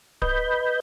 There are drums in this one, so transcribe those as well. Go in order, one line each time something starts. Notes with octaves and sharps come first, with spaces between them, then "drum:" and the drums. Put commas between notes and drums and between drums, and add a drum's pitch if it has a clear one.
B4 D#5 B5 G6, drum: kick D1